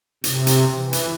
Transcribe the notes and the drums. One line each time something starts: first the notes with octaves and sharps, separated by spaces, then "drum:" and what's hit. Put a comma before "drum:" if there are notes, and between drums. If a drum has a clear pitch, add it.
C3, drum: hi-hat
drum: hi-hat
E3
drum: hi-hat